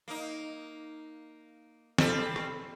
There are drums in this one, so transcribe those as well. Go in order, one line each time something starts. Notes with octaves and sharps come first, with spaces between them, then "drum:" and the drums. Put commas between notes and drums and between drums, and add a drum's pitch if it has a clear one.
A#3 D#4
G3 C4 A4, drum: snare
drum: rim click